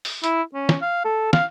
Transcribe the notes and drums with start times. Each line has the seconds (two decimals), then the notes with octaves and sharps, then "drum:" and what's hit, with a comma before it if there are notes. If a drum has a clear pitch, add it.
0.05 drum: open hi-hat
0.24 E4, drum: hi-hat
0.54 C#4
0.69 drum: snare
0.82 F5
1.05 A4
1.33 F5, drum: snare